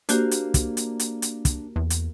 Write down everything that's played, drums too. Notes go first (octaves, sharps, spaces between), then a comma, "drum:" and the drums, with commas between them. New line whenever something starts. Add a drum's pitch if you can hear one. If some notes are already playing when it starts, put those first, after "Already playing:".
A#3 D4 F#4 G4 C5, drum: hi-hat
drum: hi-hat
drum: kick, hi-hat
drum: hi-hat
drum: hi-hat
drum: hi-hat
drum: kick, hi-hat
E2
drum: hi-hat